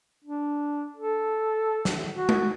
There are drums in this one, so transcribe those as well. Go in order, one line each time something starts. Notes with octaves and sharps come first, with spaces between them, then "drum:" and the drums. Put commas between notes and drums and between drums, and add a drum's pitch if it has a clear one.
D4
A4
drum: snare
F#4
drum: tom G#3